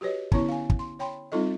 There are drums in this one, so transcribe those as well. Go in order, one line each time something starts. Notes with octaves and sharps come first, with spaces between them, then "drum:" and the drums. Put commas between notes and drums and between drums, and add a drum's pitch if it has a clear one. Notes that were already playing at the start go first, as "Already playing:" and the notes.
F#4 G4 B4 C#5 D#5
D3 B3 C#4 E4 C#5 C#6, drum: kick
F5 G#5
drum: kick
C6
C#5 G5 B5 C6
G3 C4 D#4 F4 A4 D#5